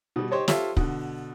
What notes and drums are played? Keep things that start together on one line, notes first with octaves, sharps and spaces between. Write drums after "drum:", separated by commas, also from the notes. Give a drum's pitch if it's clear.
B2 G3
G4 C5 C#5 D#5
F4 G4 A4 C5 C#5 E5, drum: snare
B2 D3, drum: kick